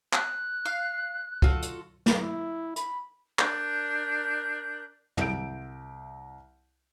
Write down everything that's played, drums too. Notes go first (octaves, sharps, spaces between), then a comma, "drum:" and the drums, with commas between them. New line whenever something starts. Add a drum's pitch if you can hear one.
F#6, drum: clap
F5
F4 F#4 A4, drum: kick
drum: hi-hat
drum: snare
E4
B5, drum: hi-hat
D4 A#4 G6, drum: clap
C2 E5 G6 D7, drum: tom